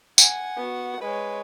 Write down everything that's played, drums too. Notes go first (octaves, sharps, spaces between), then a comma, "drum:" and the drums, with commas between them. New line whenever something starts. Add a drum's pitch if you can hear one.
F#5 G#5, drum: tambourine
B3 F#4
G#3 B4 C#5